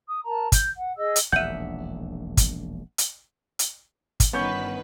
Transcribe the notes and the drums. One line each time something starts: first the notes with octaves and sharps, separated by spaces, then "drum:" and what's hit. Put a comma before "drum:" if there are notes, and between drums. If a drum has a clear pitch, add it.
D#6
A#4 A5 A#5
G6, drum: kick, hi-hat
F#5
G#4 D#5 E6
drum: hi-hat
E1 A#1 D#2 E5 F#5 G6 D#7
drum: kick, hi-hat
drum: hi-hat
drum: hi-hat
drum: kick, hi-hat
G1 D#3 B3 C#4 B4 F#5 C#6 G6